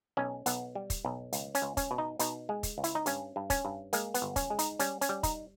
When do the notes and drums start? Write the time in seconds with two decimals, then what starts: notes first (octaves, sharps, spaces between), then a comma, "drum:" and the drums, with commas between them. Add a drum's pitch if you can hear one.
0.17 B1 C#4
0.46 B1 B3, drum: hi-hat
0.75 G3
0.90 drum: kick, hi-hat
1.05 B1
1.33 C#2, drum: hi-hat
1.55 C#4, drum: hi-hat
1.62 C#2
1.77 C#4, drum: kick, hi-hat
1.91 B2
1.98 D#4
2.19 B2 D#4, drum: hi-hat
2.49 G#3
2.63 drum: kick, hi-hat
2.78 C#2
2.84 E4, drum: hi-hat
2.95 D#4
3.06 G2 C#4, drum: hi-hat
3.36 G2
3.50 C#4, drum: kick, hi-hat
3.65 G2
3.93 G#3 A#3, drum: hi-hat
4.14 B3, drum: hi-hat
4.22 G1
4.36 C#4, drum: kick, hi-hat
4.50 G#3
4.59 D#4, drum: hi-hat
4.79 G3 C#4, drum: hi-hat
5.01 C#4, drum: hi-hat
5.09 G3
5.23 D#4, drum: kick, hi-hat